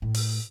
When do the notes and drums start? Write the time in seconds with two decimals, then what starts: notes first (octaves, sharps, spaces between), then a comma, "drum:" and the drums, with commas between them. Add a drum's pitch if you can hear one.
0.02 A2
0.14 drum: open hi-hat